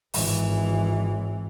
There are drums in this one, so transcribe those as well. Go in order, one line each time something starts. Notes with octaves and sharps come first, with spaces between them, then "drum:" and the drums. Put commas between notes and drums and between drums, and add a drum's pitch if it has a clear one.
G#1 E3, drum: open hi-hat